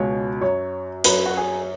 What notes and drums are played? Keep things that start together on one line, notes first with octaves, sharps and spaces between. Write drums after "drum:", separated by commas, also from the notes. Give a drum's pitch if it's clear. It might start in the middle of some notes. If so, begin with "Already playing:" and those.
Already playing: C#2 B2 G#3 C#5
F#2 F#3 C#5
F#2 F#3 B4, drum: hi-hat
F#4
G#4